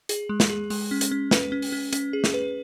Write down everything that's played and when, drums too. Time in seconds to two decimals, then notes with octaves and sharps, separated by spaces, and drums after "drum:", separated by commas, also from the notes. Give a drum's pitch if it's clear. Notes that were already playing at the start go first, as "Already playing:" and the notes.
0.09 G#4, drum: hi-hat
0.29 G#3
0.40 drum: snare
0.50 G#4
0.70 G#3, drum: open hi-hat
0.91 C#4
1.01 drum: hi-hat
1.11 C#4
1.31 B4, drum: snare
1.52 C#4
1.62 drum: open hi-hat
1.72 C#4
1.93 C#4, drum: hi-hat
2.13 G#4
2.24 drum: snare
2.34 B4